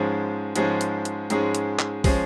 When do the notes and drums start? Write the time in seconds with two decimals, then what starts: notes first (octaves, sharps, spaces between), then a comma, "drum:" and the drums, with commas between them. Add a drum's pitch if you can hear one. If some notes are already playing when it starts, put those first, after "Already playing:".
Already playing: G#2 F3 G#3 C#4 G#4
0.56 G#2 F3 G#3 C#4 G#4, drum: hi-hat
0.81 drum: hi-hat
1.05 drum: hi-hat
1.30 G#2 F3 G#3 C#4 G#4, drum: hi-hat
1.55 drum: hi-hat
1.79 drum: clap
2.04 F3 G#3 C#4 G#4, drum: kick, open hi-hat